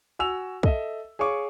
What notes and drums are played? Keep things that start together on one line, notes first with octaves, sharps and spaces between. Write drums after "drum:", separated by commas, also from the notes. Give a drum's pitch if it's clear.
F#4 G#5 E6 F7
A4 D#5 E5, drum: kick
G#4 C#5 F5 C#6 D6